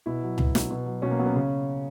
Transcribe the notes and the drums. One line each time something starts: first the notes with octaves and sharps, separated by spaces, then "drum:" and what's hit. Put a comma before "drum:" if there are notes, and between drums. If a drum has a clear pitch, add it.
B2 E4
F#3
B2, drum: tom C#2
F#3, drum: snare
B2
F#3
B2 C#4
A#3
F#3 B3
C#4
C#3